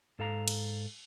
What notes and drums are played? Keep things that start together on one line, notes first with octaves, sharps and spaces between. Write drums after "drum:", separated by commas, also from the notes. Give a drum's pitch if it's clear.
G#2 A4 F5 A#5
drum: cymbal